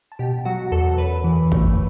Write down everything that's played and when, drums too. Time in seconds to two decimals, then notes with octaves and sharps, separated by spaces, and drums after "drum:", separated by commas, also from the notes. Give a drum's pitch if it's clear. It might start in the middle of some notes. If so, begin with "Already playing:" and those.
0.12 A5
0.19 B2 G4 G5
0.45 F#3 F#4 F#5
0.72 E2 A4 A5
0.98 F#2 B4 B5
1.24 E3
1.52 A3, drum: kick